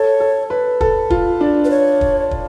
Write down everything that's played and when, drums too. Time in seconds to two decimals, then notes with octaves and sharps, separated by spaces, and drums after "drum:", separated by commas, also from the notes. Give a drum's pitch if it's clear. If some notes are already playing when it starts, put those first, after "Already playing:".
Already playing: A4 C#5
0.20 A4
0.50 B4
0.81 A4, drum: kick
1.10 F4, drum: kick
1.41 D4
1.65 B4
1.70 C#5
2.01 drum: kick
2.31 drum: kick